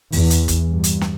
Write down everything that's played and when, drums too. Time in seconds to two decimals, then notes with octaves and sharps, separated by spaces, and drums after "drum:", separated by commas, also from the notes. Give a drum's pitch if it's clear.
0.12 E2, drum: open hi-hat
0.30 drum: hi-hat
0.48 drum: kick, hi-hat
0.69 G2
0.84 drum: hi-hat
1.01 drum: snare